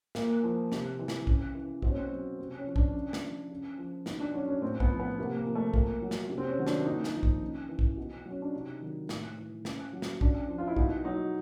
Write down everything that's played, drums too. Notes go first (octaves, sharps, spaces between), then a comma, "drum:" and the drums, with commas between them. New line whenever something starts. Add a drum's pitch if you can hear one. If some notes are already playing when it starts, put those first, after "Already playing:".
A#2 A#3, drum: snare
F3
C3, drum: snare
E3
drum: snare
C#3, drum: kick B1
E3
B2 C4, drum: kick B1
C#4
C4
F#3
C3 C4
C#4
F3
D4, drum: kick B1
C#3
drum: snare
F3
C#3
F3
B2 D#4, drum: snare
D4
F#3 C#4
C#4
A2 C4
B3, drum: kick B1
F3
B3
C3 A#3
A#3
F3
A3
A#2 A#3, drum: kick B1
F#3
drum: snare
C3
C4
C#4
D#3 F#3
D4, drum: snare
A#2 D#4
drum: snare
F3
drum: kick B1
C#3
E3
drum: kick B1
B2
F#3 C#4
D4
C3 D#4
D#3 F#3
A2, drum: snare
E3
C#3, drum: snare
F#3
drum: snare
C#3 D4, drum: kick B1
F3
F4
E4
B2 D#4, drum: kick B1
F#3 D#4